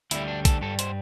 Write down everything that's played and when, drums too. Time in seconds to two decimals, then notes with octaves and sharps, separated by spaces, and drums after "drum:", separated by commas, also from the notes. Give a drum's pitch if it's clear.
0.11 D2 D3 G3 E4, drum: hi-hat
0.28 D4
0.45 A4, drum: kick A#1, hi-hat
0.61 G2 G3 A4
0.79 C5, drum: hi-hat